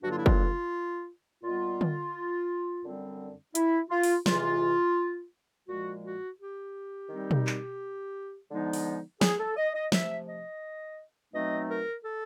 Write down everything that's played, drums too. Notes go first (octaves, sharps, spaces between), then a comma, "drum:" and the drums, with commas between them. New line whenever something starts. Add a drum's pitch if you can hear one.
G2 D3 F#3 A#3 D4 F#4
F4
E4
F4, drum: kick
A#2 G3 B3 D#4 F4
drum: tom D3
F#2 D3 G3 C4
E4, drum: hi-hat
F4
drum: open hi-hat
E2 C3 E3 G#3 F4, drum: snare
A#2 F3 G#3 F#4
F#4
G4
D#3 G3 C4 D#4
drum: tom B2
drum: clap
D3 F3 G#3 B3 D#4
drum: open hi-hat
G#4, drum: snare
A4
D#5
D#5
C3 F3 A3 E5, drum: snare
D#5
B2 F#3 A3 C4 D#4 D#5
A#4
A4